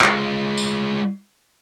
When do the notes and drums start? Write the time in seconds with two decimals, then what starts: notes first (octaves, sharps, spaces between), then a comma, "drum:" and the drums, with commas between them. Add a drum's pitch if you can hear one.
0.01 G#3 F4, drum: clap
0.57 drum: tambourine